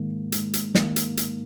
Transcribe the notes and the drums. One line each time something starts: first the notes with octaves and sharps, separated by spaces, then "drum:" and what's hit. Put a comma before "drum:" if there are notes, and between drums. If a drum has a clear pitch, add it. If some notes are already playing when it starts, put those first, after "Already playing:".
Already playing: G#2 D#3 A#3
G#2, drum: hi-hat
drum: hi-hat
D#3 A#3, drum: snare
drum: hi-hat
drum: hi-hat